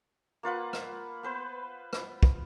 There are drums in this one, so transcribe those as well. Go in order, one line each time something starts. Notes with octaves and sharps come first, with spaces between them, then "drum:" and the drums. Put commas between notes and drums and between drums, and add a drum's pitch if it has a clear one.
A#3 F4 B4 F#5
drum: rim click
B3 B4 C5
drum: rim click
drum: kick